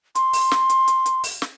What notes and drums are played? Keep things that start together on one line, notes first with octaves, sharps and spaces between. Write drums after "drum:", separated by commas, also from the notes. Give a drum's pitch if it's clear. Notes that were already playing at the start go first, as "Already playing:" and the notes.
C6, drum: hi-hat
drum: open hi-hat
drum: snare
drum: hi-hat
drum: hi-hat
drum: hi-hat
drum: open hi-hat
drum: snare